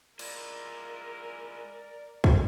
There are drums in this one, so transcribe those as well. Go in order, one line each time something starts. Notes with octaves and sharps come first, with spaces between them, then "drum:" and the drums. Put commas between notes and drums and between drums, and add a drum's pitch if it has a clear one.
G#3 E4 F4 A#4 D5, drum: cymbal
drum: kick